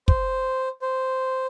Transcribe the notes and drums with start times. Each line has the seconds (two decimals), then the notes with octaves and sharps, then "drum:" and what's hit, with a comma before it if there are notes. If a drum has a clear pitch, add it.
0.08 C5, drum: kick
0.82 C5